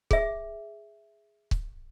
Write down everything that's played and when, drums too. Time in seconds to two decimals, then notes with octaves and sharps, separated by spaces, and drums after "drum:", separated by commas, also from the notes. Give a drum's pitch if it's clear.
0.11 G#4 E5, drum: kick C#1
1.51 drum: kick C#1